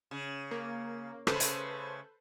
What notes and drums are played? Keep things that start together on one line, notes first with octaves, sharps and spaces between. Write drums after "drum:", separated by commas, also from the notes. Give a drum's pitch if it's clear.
C#3
A#3
C#3 A3 A4 B4 C5, drum: rim click
drum: hi-hat